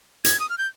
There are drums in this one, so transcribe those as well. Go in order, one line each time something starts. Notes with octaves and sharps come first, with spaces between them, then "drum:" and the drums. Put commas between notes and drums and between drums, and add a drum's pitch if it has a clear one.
G#6, drum: hi-hat
D#6
F6
G6